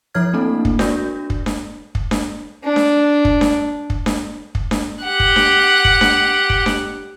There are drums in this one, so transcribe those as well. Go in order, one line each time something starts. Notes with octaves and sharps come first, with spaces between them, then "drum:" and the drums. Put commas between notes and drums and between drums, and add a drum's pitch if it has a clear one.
F3 E4 A4 C#5 F6 G#6
A3 A#3 C4 D4 E4 A4
drum: kick
D4 F#4 A#4 D5 G6 A#6, drum: snare D4
drum: kick
drum: snare D4
drum: kick
drum: snare D4
D4
drum: snare D4
drum: kick
drum: snare D4
drum: kick
drum: snare D4
drum: kick
drum: snare D4
G4 F#5
drum: kick
drum: snare D4
drum: kick
drum: snare D4
drum: kick
drum: snare D4